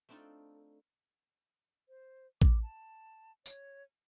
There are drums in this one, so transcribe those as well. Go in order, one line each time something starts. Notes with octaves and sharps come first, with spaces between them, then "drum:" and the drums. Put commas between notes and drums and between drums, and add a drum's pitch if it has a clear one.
A3 C4 D4 D#4 F4 A4
C5
D6, drum: kick
A5
C#5, drum: tambourine